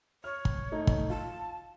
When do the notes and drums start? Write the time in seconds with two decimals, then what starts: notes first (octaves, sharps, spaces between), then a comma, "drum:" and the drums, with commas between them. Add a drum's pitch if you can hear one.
0.24 C#5 F6
0.45 drum: kick
0.72 A3 D#4
0.87 drum: kick
1.10 F4 A5